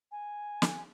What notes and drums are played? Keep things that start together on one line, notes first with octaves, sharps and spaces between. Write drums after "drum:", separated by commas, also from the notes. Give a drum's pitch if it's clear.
G#5
drum: snare